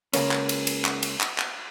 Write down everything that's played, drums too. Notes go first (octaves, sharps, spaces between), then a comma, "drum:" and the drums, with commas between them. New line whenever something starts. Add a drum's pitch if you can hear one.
C#2 C#3 A#3 C#4, drum: cymbal
drum: clap
drum: cymbal
drum: cymbal
drum: clap
drum: cymbal
drum: clap
drum: clap